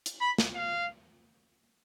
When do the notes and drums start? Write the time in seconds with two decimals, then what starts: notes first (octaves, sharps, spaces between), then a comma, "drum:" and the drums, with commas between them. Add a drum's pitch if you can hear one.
0.06 drum: hi-hat
0.21 B5
0.38 drum: snare
0.55 F5